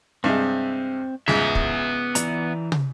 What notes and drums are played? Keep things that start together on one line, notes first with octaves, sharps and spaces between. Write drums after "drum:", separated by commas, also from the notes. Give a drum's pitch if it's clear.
G2 C3 G#3 C4 E5
C#2 G#2 C#3 B3 E5 A#5, drum: snare
drum: kick
E3 D5 A#5, drum: hi-hat
drum: tom